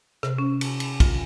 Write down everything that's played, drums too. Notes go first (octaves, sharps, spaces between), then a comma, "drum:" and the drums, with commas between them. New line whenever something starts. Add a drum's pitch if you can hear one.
C3, drum: rim click
C#4
drum: cymbal
drum: cymbal
F4, drum: kick, cymbal